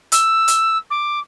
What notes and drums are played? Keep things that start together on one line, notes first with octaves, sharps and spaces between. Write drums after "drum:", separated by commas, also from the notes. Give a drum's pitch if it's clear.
E6, drum: hi-hat
drum: hi-hat
D6